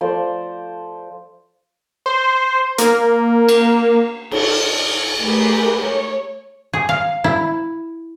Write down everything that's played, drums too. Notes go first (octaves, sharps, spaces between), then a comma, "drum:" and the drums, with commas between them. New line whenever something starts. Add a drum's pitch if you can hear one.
F3 A3 C5 D5
C5
A#3, drum: hi-hat
drum: cymbal
drum: cymbal
A3 G4 G#4 A#4 B4
C#5
G#4
F5
E4